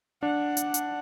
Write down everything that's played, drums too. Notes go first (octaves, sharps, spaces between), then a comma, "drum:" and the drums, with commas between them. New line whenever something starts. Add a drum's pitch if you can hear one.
D4 F#5
drum: hi-hat
drum: hi-hat